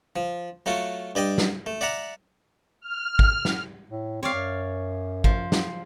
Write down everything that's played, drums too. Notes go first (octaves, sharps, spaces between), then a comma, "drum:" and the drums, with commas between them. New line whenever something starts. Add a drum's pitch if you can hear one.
F3
F#3 A3 F4 F#4
G2 D5 D#5 G5
drum: snare
A3
D5 E5 F#5 A#5
F6
drum: kick G#1
drum: snare
A2
C4 C#5 D5 F5
F#2
F3, drum: kick G#1
drum: snare